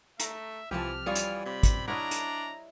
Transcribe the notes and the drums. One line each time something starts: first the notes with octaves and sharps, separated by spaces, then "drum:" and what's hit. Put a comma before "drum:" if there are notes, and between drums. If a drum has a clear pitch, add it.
A3 E5 A#5, drum: hi-hat
C2 E3 F3 C4 G4 A5 F6
E3 G3 F4 C#5 D#6 G#6 C#7
drum: hi-hat
C3 B5
drum: kick G#1, hi-hat
D4 E4 C#5 D#5 F#5 A#5 F6
drum: hi-hat